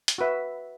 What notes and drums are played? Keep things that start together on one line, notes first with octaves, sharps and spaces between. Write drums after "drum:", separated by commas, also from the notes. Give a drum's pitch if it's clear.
drum: hi-hat
F#4 B4 E5